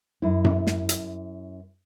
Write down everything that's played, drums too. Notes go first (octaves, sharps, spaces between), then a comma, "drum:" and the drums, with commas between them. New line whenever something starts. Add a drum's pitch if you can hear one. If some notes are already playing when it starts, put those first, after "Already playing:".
F#2 E4
drum: tom F#2
drum: snare
drum: hi-hat